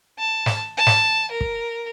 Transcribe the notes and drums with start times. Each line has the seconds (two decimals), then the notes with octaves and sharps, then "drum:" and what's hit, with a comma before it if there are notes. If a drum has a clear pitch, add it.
0.19 A5
0.46 drum: snare
0.77 A5
0.87 drum: snare
1.31 A#4
1.41 drum: kick